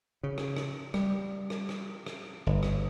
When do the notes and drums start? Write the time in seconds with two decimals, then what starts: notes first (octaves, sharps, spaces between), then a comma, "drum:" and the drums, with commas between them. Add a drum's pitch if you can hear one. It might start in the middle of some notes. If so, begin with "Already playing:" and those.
0.23 C#3
0.38 drum: rim click
0.57 drum: rim click
0.94 G3, drum: rim click
1.50 drum: rim click
1.69 drum: rim click
2.06 drum: rim click
2.46 G1
2.63 drum: rim click